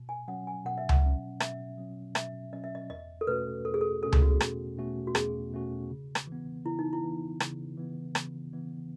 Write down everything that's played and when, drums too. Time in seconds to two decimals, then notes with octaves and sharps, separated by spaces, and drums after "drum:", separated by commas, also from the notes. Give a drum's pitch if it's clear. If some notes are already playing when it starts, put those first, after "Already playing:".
Already playing: B2
0.09 G#5
0.28 F#3 C#4 F#5
0.47 G#5
0.65 B2 F#5
0.78 E5
0.89 F#5, drum: tom C#2
1.03 F#3 C#4
1.40 B2 E5, drum: rim click
1.78 F#3 C#4
2.15 B2 E5, drum: rim click
2.53 F#3 C#4 D#5
2.64 E5
2.75 D#5
2.90 E2 D#5
3.21 A4
3.27 B2 A3 C#4 F#4 B4
3.65 E2 A4
3.74 G#4
3.81 A4
4.02 B2 A3 C#4 F#4 A4
4.13 G#4, drum: tom C#2
4.22 F#4
4.30 G#4
4.40 E2, drum: rim click
4.77 B2 A3 C#4 F#4
5.07 F#4
5.15 E2 G#4, drum: rim click
5.53 B2 A3 C#4 F#4
5.90 C#3
6.15 drum: rim click
6.27 E3 B3
6.65 C#3 E4
6.79 D#4
6.93 E4
7.03 E3 B3
7.40 C#3, drum: rim click
7.77 E3 B3
8.15 C#3, drum: rim click
8.53 E3 B3